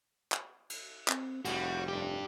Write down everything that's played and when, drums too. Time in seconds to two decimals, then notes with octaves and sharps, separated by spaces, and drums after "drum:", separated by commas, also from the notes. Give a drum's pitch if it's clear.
0.32 drum: clap
0.70 drum: cymbal
1.08 C4, drum: clap
1.45 F1 F2 A2 G3 F#4, drum: cymbal
1.88 D4 G4